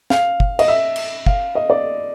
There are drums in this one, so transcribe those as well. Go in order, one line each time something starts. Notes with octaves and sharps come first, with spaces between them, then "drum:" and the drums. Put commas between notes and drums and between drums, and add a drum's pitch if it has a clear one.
F5, drum: snare
drum: kick
D#5, drum: cymbal
E5
drum: cymbal
F5, drum: kick
D#5
D5